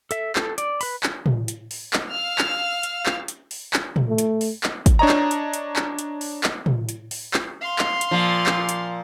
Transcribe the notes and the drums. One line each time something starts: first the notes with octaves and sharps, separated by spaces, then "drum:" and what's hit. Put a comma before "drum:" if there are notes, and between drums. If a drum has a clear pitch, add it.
A4 E5, drum: hi-hat
A4, drum: clap
D5, drum: hi-hat
B4 B5, drum: open hi-hat
drum: clap
drum: tom
drum: hi-hat
drum: open hi-hat
drum: clap
F5 E6 F6
drum: clap
drum: hi-hat
drum: clap
drum: hi-hat
drum: open hi-hat
drum: clap
drum: tom
A3
drum: hi-hat
drum: open hi-hat
drum: clap
drum: kick, hi-hat
D4 C#5 D#5 A#5
drum: clap
drum: hi-hat
drum: hi-hat
drum: clap
drum: hi-hat
drum: open hi-hat
drum: clap
drum: tom
drum: hi-hat
drum: open hi-hat
drum: clap
F5 C6
drum: clap
drum: hi-hat
A#2 F3
drum: clap
drum: hi-hat